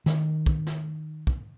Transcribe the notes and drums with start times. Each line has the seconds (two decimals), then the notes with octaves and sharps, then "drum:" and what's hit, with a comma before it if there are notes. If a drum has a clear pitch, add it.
0.06 D#3, drum: snare
0.46 drum: kick
0.67 drum: snare
1.27 drum: kick